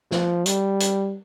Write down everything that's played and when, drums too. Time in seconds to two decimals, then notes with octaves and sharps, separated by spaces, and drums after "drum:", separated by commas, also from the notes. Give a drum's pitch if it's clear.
0.11 F3, drum: snare
0.46 G3, drum: hi-hat
0.80 drum: hi-hat